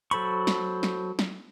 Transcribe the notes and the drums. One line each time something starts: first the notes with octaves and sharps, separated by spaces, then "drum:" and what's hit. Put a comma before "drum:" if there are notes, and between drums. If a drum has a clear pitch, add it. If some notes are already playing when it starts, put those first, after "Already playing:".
F#3 A4 C5 B5 C#6, drum: hi-hat
drum: snare
drum: snare
drum: snare